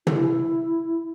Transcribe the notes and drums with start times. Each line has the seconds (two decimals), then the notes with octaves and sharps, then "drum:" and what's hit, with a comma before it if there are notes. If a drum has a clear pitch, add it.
0.07 E4, drum: tom